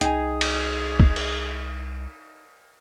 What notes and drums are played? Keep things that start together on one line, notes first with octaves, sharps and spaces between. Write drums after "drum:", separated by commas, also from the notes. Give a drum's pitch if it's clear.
C2 D#4 G#4 G5 G#5, drum: hi-hat
drum: cymbal
drum: kick
drum: cymbal